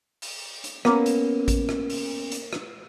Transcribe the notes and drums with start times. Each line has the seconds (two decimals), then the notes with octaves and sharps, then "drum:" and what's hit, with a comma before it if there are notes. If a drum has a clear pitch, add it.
0.22 drum: open hi-hat
0.64 drum: hi-hat
0.85 A#3 B3 C#4, drum: rim click
1.06 drum: hi-hat
1.48 drum: kick A1, hi-hat
1.69 drum: rim click
1.90 drum: open hi-hat
2.32 drum: hi-hat
2.53 drum: rim click